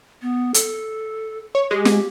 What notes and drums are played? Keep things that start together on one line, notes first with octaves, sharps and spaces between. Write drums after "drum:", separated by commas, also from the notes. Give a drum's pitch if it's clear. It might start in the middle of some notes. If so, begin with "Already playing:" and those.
B3
A4, drum: hi-hat
C#5
G#3 G4
drum: snare